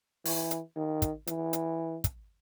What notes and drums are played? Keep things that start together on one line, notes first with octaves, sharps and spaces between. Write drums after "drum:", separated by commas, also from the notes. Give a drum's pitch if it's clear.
E3, drum: open hi-hat
drum: hi-hat
D#3
drum: kick, hi-hat
E3, drum: hi-hat
drum: hi-hat
drum: kick, hi-hat